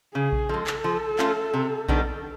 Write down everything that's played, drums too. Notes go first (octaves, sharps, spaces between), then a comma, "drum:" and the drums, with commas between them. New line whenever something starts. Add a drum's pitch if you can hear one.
C#3 G#4
drum: kick A#1
F3 G#3 A4
drum: clap
F3
A3 C#4 F4, drum: clap
C3
D#3 G3 B3 D4, drum: kick A#1